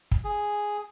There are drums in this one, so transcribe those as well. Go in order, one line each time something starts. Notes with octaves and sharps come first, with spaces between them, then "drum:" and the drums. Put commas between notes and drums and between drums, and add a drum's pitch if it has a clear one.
drum: kick
G#4